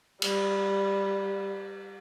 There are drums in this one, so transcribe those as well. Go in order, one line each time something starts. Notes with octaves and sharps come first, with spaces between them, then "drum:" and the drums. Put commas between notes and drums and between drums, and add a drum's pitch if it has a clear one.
G3, drum: cymbal